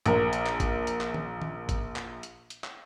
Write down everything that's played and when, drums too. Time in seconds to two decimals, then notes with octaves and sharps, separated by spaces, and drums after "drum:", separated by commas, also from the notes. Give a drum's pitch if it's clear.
0.06 A#1 A#4, drum: hi-hat
0.33 drum: hi-hat
0.46 drum: clap
0.60 drum: kick, hi-hat
0.87 drum: hi-hat
1.01 drum: clap
1.14 drum: tom D#3
1.42 drum: tom D#3
1.69 drum: kick, hi-hat
1.96 drum: clap
2.23 drum: hi-hat
2.50 drum: hi-hat
2.64 drum: clap